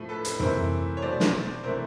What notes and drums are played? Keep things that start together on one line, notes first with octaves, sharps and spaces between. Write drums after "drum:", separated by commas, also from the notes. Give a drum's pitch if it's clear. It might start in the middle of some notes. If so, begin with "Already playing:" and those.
Already playing: A2 F3 A3
A4 B4
A4 B4, drum: hi-hat
C3 E3 A3 A#4 C5, drum: tom
C#5
B2 F#3 A3 C5 D5
drum: snare
C3 E3 A3 A#4 C5